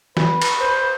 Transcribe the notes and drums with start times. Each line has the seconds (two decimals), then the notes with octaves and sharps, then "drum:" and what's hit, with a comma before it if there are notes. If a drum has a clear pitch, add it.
0.17 B4, drum: snare
0.42 drum: cymbal
0.60 C5